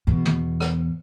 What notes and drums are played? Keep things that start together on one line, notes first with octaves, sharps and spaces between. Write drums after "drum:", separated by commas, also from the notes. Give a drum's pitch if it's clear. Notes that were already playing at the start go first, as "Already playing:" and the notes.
E2 B2
drum: tom
drum: rim click